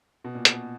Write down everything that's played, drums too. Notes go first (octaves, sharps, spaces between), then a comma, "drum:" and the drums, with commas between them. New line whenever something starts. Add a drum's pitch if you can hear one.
B2
A#2
B2, drum: hi-hat